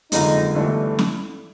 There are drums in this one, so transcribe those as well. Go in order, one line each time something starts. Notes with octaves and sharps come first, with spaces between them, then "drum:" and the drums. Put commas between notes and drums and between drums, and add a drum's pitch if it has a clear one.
F#1 F2 D3 F3 G#3 D#4, drum: hi-hat
G1 G2 E3 A3
drum: snare